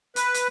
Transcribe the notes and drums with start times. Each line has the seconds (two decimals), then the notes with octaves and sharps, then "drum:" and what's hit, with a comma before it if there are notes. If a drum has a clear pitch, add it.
0.16 B4, drum: hi-hat
0.34 drum: hi-hat